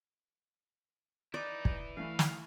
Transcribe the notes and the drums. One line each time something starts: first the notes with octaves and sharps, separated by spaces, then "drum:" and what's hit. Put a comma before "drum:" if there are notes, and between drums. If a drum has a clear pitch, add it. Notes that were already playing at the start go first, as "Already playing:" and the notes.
D#4 E4 B4 D5
drum: kick
E3 A3 F5
drum: snare